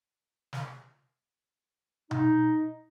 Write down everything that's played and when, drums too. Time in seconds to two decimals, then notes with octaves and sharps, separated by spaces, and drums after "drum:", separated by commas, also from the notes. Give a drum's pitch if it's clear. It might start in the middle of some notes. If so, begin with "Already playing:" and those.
0.53 drum: snare
2.11 D#4, drum: tom B2